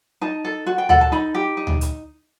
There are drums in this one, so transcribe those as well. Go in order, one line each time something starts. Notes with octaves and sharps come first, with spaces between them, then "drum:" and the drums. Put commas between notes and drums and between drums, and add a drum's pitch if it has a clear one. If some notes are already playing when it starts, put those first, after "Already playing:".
D#4 A5
A4
F#4 F#5
G5
A4 F#5, drum: tom D2
A5
D#4 B5
G4
D#4
drum: tom D2
drum: hi-hat